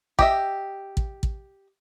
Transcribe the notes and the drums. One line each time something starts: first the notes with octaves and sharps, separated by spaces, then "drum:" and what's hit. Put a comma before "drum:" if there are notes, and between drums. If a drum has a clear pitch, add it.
G4 D#5 E5, drum: kick
drum: kick
drum: kick